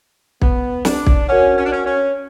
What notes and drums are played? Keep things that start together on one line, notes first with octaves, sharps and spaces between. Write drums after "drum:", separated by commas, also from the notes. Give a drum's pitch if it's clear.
B3, drum: kick
D4, drum: snare
drum: kick
C#4 F#4 A#4 C#5 F#5
C#4
D4
C#4
C#4